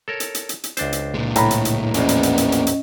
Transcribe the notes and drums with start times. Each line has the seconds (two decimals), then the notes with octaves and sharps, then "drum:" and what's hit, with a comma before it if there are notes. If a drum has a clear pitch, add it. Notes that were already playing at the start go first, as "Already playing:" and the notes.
0.08 A4 A#4 C#5
0.20 drum: hi-hat
0.35 drum: hi-hat
0.49 drum: hi-hat
0.64 drum: hi-hat
0.77 C#2 D4 C5, drum: hi-hat
0.93 drum: hi-hat
1.14 A#2 G#3
1.36 A2 A#5 B5, drum: hi-hat
1.51 drum: hi-hat
1.65 drum: hi-hat
1.94 A#1 E2 A#3 B3 C#4 D#5, drum: hi-hat
2.09 drum: hi-hat
2.23 drum: hi-hat
2.38 drum: hi-hat
2.52 drum: hi-hat
2.67 drum: hi-hat